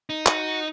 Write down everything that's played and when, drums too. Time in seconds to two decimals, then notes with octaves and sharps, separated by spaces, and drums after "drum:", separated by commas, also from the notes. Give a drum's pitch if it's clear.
0.10 D#4
0.26 F#4, drum: clap